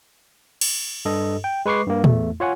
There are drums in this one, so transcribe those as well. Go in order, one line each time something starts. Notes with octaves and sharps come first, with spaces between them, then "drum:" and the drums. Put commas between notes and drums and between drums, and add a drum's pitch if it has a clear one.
drum: cymbal
G2 A4 D#5
G5
G#3 B4 C#6 D6 C7
G2 A#3
E2 A3, drum: tom
F4 C#5 F#5 G#5